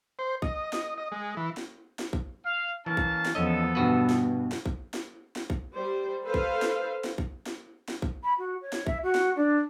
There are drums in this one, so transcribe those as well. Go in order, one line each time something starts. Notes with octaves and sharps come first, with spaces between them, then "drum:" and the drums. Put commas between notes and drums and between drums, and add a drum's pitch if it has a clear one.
C5
D#5, drum: kick A#1
drum: snare E4
D#5
G#3
E3
drum: snare E4
drum: snare E4
drum: kick A#1
F5
E3 A#3 C#4 A5
drum: kick A#1
drum: snare E4
E2 F3 B3 C#4 A4 D#5
G2 B2 F#4 B4
drum: snare E4
drum: snare E4
drum: kick A#1
drum: snare E4
drum: snare E4
drum: kick A#1
G3 C5
A4 B4 C5 F5
drum: kick A#1
drum: snare E4
drum: snare E4
drum: kick A#1
drum: snare E4
drum: snare E4
drum: kick A#1
B5
F#4
C#5
drum: snare E4
E5, drum: kick A#1
F#4
drum: snare E4
D4